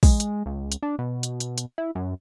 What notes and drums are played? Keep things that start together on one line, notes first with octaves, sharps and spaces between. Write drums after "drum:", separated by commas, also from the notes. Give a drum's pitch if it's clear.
G#3, drum: kick, open hi-hat
drum: hi-hat
C#2
drum: hi-hat
D4
B2
drum: hi-hat
drum: hi-hat
drum: hi-hat
E4
F#2